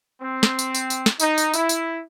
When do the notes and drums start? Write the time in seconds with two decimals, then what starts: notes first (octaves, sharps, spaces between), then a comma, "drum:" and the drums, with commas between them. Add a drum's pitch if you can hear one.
0.21 C4
0.43 drum: snare
0.59 drum: tambourine
0.74 drum: tambourine
0.90 drum: tambourine
1.06 drum: snare
1.20 D#4, drum: tambourine
1.38 drum: tambourine
1.54 E4, drum: tambourine
1.69 drum: tambourine